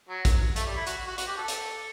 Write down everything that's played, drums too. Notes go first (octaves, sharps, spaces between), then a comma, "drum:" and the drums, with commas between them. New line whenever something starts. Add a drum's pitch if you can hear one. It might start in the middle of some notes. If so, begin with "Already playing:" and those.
F#3
drum: kick A#1, hi-hat
A3, drum: hi-hat
G3
E4
F#4, drum: hi-hat
F#4
F#4, drum: hi-hat
G4
A4
drum: hi-hat